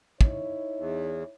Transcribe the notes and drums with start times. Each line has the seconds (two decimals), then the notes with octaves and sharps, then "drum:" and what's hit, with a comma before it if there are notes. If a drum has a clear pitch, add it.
0.21 D#4 E4 C#5, drum: kick
0.77 E2